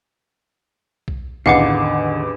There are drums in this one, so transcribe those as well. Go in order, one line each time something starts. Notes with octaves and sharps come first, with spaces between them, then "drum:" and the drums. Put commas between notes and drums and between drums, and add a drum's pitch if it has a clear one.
drum: kick B1
A1 E2 D3 D#3 F5 F#5 D6, drum: kick B1